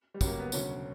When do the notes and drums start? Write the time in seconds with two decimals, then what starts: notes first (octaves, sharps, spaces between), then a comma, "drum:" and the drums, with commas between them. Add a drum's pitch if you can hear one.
0.14 G3
0.21 C#2 C#3 F#3, drum: kick, tambourine
0.27 A#3
0.39 B3
0.52 E1 D2 C#3 F#3 C#4, drum: tambourine